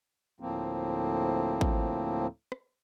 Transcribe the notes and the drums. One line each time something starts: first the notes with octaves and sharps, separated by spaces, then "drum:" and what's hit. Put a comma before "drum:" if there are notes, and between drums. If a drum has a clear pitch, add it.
D2 A2 F3 A#3 C4
drum: kick
drum: rim click